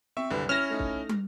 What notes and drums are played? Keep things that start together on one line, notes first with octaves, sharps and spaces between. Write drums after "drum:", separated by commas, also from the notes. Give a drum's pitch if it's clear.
C4 E5 C#6 E6
F#1 C2 D3 B4
C#4 E4 F6 A#6 E7
A3 D#4
drum: kick
drum: tom